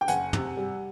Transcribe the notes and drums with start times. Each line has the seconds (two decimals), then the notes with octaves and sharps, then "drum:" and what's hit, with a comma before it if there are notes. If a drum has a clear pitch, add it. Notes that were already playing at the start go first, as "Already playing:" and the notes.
0.01 G5
0.08 F#1 F#5 G#5, drum: hi-hat
0.33 C3, drum: tom
0.57 G3